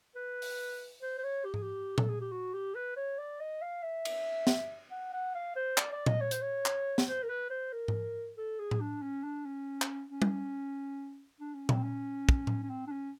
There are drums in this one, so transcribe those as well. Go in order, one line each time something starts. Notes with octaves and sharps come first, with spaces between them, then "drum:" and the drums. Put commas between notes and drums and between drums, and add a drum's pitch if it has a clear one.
B4
drum: open hi-hat
C5
C5
C#5
G4
G#4, drum: tom G#2
G4
A4, drum: tom A#2
G#4
G4
F#4
G4
B4
C#5
D5
D#5
F5
E5
drum: cymbal
drum: snare
F#5
F#5
F5
C5
D5, drum: clap
D5
D#5, drum: tom A#2
C#5
C5, drum: hi-hat
C#5
drum: clap
drum: snare
C5
A#4
B4
C5
A#4
drum: tom G#2
A4
G#4
drum: tom A2
D4
C#4
D4
C#4
drum: clap
C#4
drum: tom G3
D4
C#4
C4, drum: tom A#2
C#4
drum: kick
drum: tom A2
C#4
C4
D4
C#4